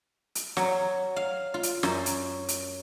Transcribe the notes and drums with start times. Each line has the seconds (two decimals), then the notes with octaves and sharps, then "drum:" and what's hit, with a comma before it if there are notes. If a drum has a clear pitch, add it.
0.35 drum: hi-hat
0.57 F#3, drum: snare
1.16 F5
1.54 F4
1.63 drum: hi-hat
1.83 F#2, drum: snare
2.06 drum: hi-hat
2.48 drum: hi-hat